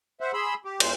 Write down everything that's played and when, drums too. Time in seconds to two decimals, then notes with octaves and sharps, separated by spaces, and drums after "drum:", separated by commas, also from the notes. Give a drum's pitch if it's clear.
0.21 C5 E5 F#5
0.33 G#4 B5 C6 E6
0.65 G4
0.80 E2 G#3 C5, drum: cymbal